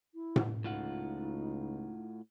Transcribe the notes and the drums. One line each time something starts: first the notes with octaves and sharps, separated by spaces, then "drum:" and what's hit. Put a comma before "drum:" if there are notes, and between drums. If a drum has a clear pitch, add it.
E4
drum: tom A2
C#2 A2 D#4 F4 F#5